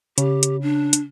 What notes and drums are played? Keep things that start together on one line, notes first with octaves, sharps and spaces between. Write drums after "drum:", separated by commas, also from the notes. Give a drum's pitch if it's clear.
C#3 G4, drum: hi-hat
drum: hi-hat
D4
drum: hi-hat